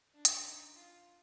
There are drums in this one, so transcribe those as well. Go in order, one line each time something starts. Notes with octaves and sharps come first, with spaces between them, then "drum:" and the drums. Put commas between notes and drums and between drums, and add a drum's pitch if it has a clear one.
D4
drum: hi-hat
D#4
F4